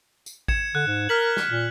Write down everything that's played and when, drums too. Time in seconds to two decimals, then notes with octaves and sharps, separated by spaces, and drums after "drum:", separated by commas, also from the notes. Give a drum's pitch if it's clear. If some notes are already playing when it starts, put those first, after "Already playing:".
0.26 drum: tambourine
0.48 G#6 C#7 E7, drum: kick A1
0.75 D3 F#6
0.87 G#2
1.09 A#4 F6 B6 F#7
1.37 drum: snare
1.49 A#2